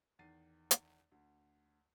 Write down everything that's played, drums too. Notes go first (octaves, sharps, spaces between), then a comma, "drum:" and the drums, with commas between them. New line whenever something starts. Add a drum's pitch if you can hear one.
E2 D#3 A6 C7 D#7
drum: hi-hat
D2